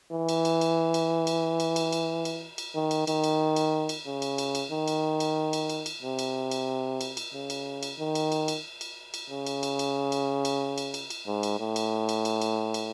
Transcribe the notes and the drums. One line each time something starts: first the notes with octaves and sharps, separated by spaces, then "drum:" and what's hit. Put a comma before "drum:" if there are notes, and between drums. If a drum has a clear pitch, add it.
E3
drum: cymbal
drum: cymbal
drum: cymbal
drum: cymbal
drum: cymbal
drum: cymbal
drum: cymbal
drum: cymbal
drum: cymbal
drum: cymbal
D#3
drum: cymbal
D#3, drum: cymbal
drum: cymbal
drum: cymbal
drum: cymbal
C#3
drum: cymbal
drum: cymbal
drum: cymbal
D#3
drum: cymbal
drum: cymbal
drum: cymbal
drum: cymbal
drum: cymbal
C3
drum: cymbal
drum: cymbal
drum: cymbal
drum: cymbal
C#3
drum: cymbal
drum: cymbal
D#3
drum: cymbal
drum: cymbal
drum: cymbal
drum: cymbal
drum: cymbal
C#3
drum: cymbal
drum: cymbal
drum: cymbal
drum: cymbal
drum: cymbal
drum: cymbal
drum: cymbal
drum: cymbal
G#2
drum: cymbal
A2
drum: cymbal
drum: cymbal
drum: cymbal
drum: cymbal
drum: cymbal